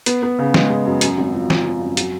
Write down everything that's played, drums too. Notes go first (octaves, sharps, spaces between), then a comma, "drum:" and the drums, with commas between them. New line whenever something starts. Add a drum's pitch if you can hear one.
B3, drum: hi-hat
B3
C#3
G#3, drum: snare
G#3
F#2
F#2, drum: hi-hat
G#1
F3
F3, drum: snare
F3
F#2
F#3, drum: hi-hat